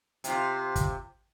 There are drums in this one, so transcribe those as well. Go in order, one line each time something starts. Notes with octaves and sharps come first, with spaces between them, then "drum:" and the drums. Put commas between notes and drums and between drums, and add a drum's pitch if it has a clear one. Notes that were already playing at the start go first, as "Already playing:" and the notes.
C3 F4, drum: hi-hat
drum: kick, hi-hat